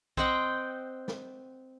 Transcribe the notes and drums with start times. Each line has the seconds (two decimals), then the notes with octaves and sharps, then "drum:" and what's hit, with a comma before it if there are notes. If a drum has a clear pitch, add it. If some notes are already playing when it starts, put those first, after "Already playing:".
0.17 C4 C5 D#5 F#5 G5, drum: kick
1.08 drum: snare